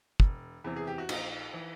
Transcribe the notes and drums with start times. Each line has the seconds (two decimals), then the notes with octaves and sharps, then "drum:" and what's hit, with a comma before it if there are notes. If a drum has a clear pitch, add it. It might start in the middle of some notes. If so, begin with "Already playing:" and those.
0.20 E1, drum: kick
0.64 E2 C3 E3
0.76 G#4
0.87 G4
0.98 F#4
1.09 A#1 D#4 F4, drum: cymbal
1.54 E3